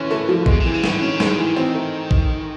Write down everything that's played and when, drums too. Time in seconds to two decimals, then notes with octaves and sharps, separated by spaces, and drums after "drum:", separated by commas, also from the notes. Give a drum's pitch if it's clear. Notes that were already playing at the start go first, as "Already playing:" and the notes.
Already playing: D3 E3 C#4
0.11 A3
0.29 F3
0.46 B2 G#3, drum: kick A1
0.60 C3 E3
0.74 C#3
0.84 A2 D3, drum: snare
1.02 D#3 C#4
1.20 G#3, drum: snare
1.38 E3
1.56 C4
1.75 A3
2.11 drum: kick A1